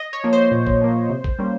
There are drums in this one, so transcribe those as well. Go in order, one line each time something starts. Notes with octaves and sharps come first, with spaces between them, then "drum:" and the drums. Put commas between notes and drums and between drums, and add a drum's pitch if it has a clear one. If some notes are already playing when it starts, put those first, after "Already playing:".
Already playing: D#5
C#5
F3 A#3
C5
A#2
drum: kick
F3 A#3
C3
drum: kick
G3 A#3 C#4